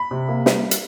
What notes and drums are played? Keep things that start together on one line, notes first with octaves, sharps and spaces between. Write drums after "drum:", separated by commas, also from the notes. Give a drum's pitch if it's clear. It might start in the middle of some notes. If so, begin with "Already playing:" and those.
Already playing: B5
C3
A#3
G3, drum: snare
drum: hi-hat